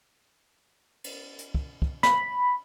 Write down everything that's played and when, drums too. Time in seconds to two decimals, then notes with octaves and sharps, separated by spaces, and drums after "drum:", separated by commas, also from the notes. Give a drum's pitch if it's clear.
1.04 drum: cymbal
1.39 drum: hi-hat
1.55 drum: kick
1.82 drum: kick
2.03 B5, drum: snare